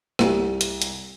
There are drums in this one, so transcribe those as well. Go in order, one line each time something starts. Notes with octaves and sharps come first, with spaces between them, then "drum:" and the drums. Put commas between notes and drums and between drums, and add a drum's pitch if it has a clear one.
C2, drum: rim click
drum: hi-hat
drum: hi-hat